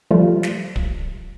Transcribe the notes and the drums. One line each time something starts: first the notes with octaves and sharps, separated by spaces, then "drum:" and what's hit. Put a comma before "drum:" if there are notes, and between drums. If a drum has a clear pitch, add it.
F3 G3 A3 F4
drum: snare
drum: kick